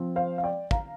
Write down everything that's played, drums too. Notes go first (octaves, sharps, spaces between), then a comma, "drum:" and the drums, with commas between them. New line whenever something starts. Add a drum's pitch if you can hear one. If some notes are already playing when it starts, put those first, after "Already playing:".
Already playing: F3 C4
C5 F5
F5
D5 G5
F5 A#5, drum: kick